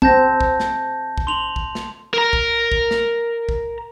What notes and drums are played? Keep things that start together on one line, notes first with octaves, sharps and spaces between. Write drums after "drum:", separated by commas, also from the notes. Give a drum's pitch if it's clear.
C4 A5 G6 A#6, drum: kick
drum: kick
drum: snare
drum: kick
C6 F7 F#7
drum: kick
drum: snare
A#4 A#5
drum: kick
drum: kick
drum: snare
drum: kick